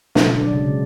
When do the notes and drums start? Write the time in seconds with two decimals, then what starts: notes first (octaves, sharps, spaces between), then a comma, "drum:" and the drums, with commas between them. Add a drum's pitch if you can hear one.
0.15 B2 D3 D4, drum: snare
0.40 F#3 D5
0.52 C#3 G#3